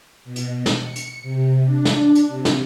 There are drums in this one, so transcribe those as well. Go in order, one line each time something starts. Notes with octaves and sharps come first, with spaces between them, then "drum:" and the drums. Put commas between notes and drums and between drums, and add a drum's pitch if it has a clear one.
B2
drum: hi-hat
drum: snare
C#7
drum: hi-hat
C3
D4
drum: snare
drum: hi-hat
C3
drum: snare